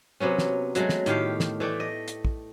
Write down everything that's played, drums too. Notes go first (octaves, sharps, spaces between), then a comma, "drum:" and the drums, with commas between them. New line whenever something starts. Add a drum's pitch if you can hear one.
C3 F#3 B3 C#4
drum: snare
F#3 G#3 A3, drum: hi-hat
drum: snare
A2 D#3 G4 F5, drum: hi-hat
drum: snare
E3 A3 D5 G5
D#5
drum: hi-hat
drum: kick